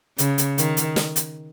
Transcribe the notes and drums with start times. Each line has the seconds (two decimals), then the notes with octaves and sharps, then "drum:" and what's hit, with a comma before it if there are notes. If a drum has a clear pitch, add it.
0.18 C#3, drum: hi-hat
0.38 drum: hi-hat
0.58 D#3, drum: hi-hat
0.77 drum: hi-hat
0.96 drum: snare
1.16 drum: hi-hat